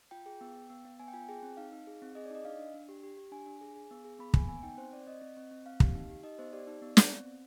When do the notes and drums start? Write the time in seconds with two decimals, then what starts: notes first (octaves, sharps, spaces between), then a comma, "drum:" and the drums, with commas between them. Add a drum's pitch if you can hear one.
0.11 F4 G5
0.26 G#4 G5
0.41 B3
0.56 B3
0.70 B3
0.85 B3
0.99 B3 G#5
1.08 G5
1.13 F4 G#5
1.29 G#4 G5
1.43 C4
1.57 D#4 F5
1.72 D#4
1.87 G#4
2.02 C4
2.15 G#4 D#5
2.26 D5
2.30 D#4 D#5
2.45 D4 F5
2.59 D4
2.74 D4
2.89 G4
3.03 G4
3.17 G4
3.32 D4 G#5
3.46 D4
3.61 G#4
3.75 G#4
3.91 B3
4.04 G#4
4.19 B3 B5
4.34 B3 G#5, drum: kick
4.49 B3 G#5
4.63 D#4 G5
4.77 C4 C5
4.92 C4 D5
5.07 C4 D#5
5.22 C4
5.37 C4
5.51 C4
5.66 C4 F5
5.80 G4, drum: kick
5.95 D#4
6.10 G4
6.23 D#4 D#5
6.39 B3 C5
6.53 G4 D5
6.67 D#4
6.82 B3
6.97 B3, drum: snare
7.11 C4
7.26 C4